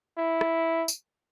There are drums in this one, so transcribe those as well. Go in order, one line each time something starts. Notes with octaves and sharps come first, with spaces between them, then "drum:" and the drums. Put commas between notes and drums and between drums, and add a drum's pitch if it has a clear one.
E4
drum: rim click
drum: tambourine